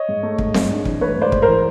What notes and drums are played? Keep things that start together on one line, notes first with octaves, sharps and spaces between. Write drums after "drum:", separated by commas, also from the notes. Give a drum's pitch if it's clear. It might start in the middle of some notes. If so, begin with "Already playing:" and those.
Already playing: C#5 D#5
G#2
A3
G#2, drum: kick
G#2, drum: snare C4
D4
E3, drum: kick
A3 B4 C#5
G#2 C5 D5
G#2, drum: kick
E3 A#4 C5